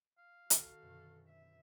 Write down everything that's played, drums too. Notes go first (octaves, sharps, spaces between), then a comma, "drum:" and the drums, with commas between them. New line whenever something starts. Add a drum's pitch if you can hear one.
F5
D#3 F#4 A4, drum: hi-hat
F#2 B2 D3
E5